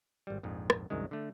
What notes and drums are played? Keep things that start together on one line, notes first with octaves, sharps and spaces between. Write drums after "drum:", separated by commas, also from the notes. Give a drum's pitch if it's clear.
G#1 G3
A#1 F2 G#2
drum: rim click
C2 F#2 D#3 G#3
D3 A3